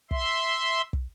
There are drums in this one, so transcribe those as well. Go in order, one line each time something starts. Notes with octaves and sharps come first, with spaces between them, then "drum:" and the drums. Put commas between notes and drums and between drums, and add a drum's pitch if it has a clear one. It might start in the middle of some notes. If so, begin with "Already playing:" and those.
E5 C6, drum: kick
drum: kick